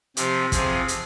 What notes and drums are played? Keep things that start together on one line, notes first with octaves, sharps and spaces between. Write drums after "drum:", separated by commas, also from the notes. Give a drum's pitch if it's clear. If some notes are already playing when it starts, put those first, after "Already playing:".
C3 F3 G4, drum: hi-hat
C3 F3 G#4, drum: kick, hi-hat
drum: hi-hat